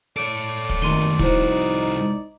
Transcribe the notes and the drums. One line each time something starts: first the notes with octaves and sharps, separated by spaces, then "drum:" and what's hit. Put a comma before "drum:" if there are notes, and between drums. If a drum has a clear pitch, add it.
A4 C#5 D5 D7
drum: kick
G#1 D#2 D#3 A3 C6 D#7 G7
C2 D#4 E4 F#4 C5, drum: kick